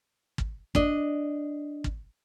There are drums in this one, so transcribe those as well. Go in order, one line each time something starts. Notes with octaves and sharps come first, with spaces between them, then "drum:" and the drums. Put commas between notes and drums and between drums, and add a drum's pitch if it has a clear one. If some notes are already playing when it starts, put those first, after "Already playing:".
drum: kick
D4 D#5, drum: kick
drum: kick